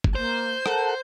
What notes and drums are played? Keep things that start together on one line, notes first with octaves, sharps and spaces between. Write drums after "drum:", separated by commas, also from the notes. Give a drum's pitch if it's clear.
drum: kick
A#3 C5 G6
A4 A#4 F#5 A5, drum: rim click